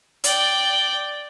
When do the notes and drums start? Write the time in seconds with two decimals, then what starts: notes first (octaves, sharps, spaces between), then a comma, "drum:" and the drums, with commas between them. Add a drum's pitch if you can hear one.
0.24 D5 G5, drum: hi-hat